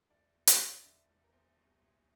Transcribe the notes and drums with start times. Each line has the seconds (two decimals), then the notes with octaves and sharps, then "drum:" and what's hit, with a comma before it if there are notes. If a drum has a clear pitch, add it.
0.10 E1 D5
0.35 E2
0.47 D5, drum: hi-hat
0.59 E1
0.72 D5
0.84 D3 E5
1.09 E1
1.24 A#4
1.32 E2 C5
1.58 C2
1.82 A#2